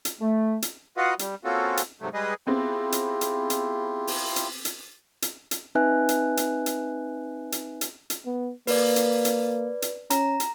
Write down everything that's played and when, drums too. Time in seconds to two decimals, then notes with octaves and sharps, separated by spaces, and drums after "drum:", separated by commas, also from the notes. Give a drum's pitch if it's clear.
0.05 drum: hi-hat
0.20 A3
0.62 drum: hi-hat
0.97 F4 F#4 B4 D#5 F5 F#5
1.19 G3, drum: hi-hat
1.44 A#3 C4 C#4 F4 F#4 A4
1.77 drum: hi-hat
2.01 G#2 C3 F#3 A3
2.14 G3 G#3 G#4 B4 D#5
2.47 B3 C4 E4 F4 G4 G#4
2.92 drum: hi-hat
3.21 drum: hi-hat
3.50 drum: hi-hat
4.07 drum: open hi-hat
4.36 drum: hi-hat
4.65 drum: hi-hat
5.22 drum: hi-hat
5.51 drum: hi-hat
5.75 C4 D#4 B4 E5 G#5 F#6
6.09 drum: hi-hat
6.37 drum: hi-hat
6.66 drum: hi-hat
7.52 drum: hi-hat
7.81 drum: hi-hat
8.10 drum: hi-hat
8.26 B3
8.67 A#3 B4 D5, drum: open hi-hat
8.96 drum: hi-hat
9.25 drum: hi-hat
9.82 drum: hi-hat
10.10 C#4 A#5, drum: hi-hat
10.40 drum: hi-hat